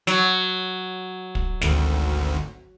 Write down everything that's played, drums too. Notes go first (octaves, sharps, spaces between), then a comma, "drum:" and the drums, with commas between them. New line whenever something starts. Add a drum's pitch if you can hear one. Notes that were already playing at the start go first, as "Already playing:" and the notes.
F#3, drum: snare
drum: kick
G#1 D2, drum: snare